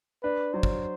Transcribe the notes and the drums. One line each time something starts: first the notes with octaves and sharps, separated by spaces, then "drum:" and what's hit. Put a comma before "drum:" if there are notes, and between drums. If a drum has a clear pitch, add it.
D4 B4
F#3 C5
drum: kick